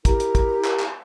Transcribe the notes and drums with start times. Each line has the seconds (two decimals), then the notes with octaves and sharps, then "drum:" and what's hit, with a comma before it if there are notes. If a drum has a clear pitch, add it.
0.05 E4 G4 A#4 A#5, drum: kick, hi-hat
0.20 drum: hi-hat
0.35 drum: kick, hi-hat
0.65 drum: clap
0.79 drum: clap